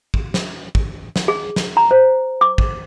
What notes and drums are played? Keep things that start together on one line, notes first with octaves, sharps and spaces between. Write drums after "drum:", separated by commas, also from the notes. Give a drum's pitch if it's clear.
drum: kick
drum: snare
drum: kick
drum: snare
G#4
drum: snare
A#5
C5
D6
drum: kick